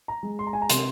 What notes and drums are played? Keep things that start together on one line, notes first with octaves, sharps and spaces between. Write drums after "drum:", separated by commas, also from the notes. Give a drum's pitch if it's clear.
A#5
G#3
C6
A#5
G#5
A#5
C3 C6, drum: hi-hat